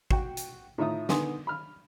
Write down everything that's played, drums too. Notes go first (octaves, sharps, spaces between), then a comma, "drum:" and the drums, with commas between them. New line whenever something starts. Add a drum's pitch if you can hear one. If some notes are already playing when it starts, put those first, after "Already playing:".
F#4 G5, drum: kick
drum: hi-hat
A2 D#4 F4 E5 A#5 D#6
D3 D#3 B3 G#5 C6 D#6, drum: snare
B5 F6